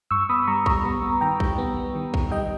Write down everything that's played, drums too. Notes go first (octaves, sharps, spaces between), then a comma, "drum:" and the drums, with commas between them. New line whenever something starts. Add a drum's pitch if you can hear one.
G2 C#6 E6
B3 B5 D#6
G3 A#5 C#6
G3 A#5 C#6, drum: kick
B3
B3
D#3 G5 A#5
G3, drum: kick
B3
G3
D#3
D#3, drum: kick
G3 D#5 G5